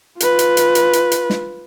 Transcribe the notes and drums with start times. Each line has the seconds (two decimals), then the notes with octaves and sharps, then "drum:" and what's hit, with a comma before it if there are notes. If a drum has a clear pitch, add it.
0.20 F4 B4, drum: hi-hat
0.39 drum: hi-hat
0.57 drum: hi-hat
0.75 drum: hi-hat
0.93 drum: hi-hat
1.12 drum: hi-hat
1.30 drum: snare